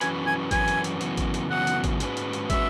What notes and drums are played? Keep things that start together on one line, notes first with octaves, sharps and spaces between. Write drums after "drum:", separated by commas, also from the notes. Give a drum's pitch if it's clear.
F#2 E3 C#4 F#4 B4 G#5, drum: hi-hat
G#5
F#2 E3 C#4 F#4 B4 G#5, drum: kick, hi-hat
drum: hi-hat
drum: hi-hat
F#2 C#3 E3 B3 F#4, drum: hi-hat
drum: kick, hi-hat
drum: hi-hat
F#2 C#3 E3 B3 F#4 F#5
drum: hi-hat
drum: kick, hi-hat
G#2 G#3 C#4 F#4 B4, drum: hi-hat
drum: hi-hat
drum: hi-hat
G#3 C#4 F#4 B4 E5, drum: kick, hi-hat